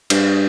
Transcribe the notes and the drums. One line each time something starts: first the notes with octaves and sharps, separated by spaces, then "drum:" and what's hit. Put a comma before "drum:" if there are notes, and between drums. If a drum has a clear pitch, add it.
G2, drum: cymbal